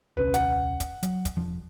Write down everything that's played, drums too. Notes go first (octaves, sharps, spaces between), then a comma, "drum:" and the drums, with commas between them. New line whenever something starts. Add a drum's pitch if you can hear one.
D#1 C2 C#4 B4
F#5, drum: hi-hat
drum: kick, hi-hat
F#3, drum: hi-hat
drum: kick, hi-hat
E1 F3